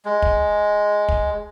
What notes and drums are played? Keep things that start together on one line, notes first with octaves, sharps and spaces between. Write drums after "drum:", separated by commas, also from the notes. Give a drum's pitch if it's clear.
G#3
drum: kick
drum: kick